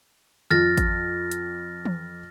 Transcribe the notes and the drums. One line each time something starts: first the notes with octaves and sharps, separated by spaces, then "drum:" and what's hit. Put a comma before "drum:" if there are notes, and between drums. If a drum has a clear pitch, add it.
F2 F6 A6 A#6
drum: kick G#1, hi-hat
drum: hi-hat
drum: tom E3